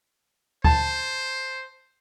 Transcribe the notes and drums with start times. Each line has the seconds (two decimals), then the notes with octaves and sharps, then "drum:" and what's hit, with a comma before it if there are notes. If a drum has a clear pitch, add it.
0.64 C5 A5, drum: kick D2